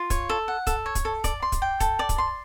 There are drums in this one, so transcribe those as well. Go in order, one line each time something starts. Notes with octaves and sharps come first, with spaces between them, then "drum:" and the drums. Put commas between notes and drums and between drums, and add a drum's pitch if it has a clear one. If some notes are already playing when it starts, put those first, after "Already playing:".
Already playing: F4
C#5, drum: kick, hi-hat
A4
F#5
A4, drum: kick, hi-hat
C#5
drum: kick, hi-hat
A4
D5, drum: kick, hi-hat
C6
drum: kick, hi-hat
G5
A4, drum: kick, hi-hat
D5
drum: kick, hi-hat
C6